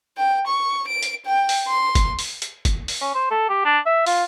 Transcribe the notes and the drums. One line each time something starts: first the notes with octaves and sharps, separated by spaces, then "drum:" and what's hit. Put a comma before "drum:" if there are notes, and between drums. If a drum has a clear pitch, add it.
G5
C#6
D7
drum: hi-hat
G5
drum: open hi-hat
C6
drum: kick, hi-hat
drum: open hi-hat
drum: hi-hat
drum: kick, hi-hat
drum: open hi-hat
C#4
C5
A4
G4
D4
E5
F4, drum: open hi-hat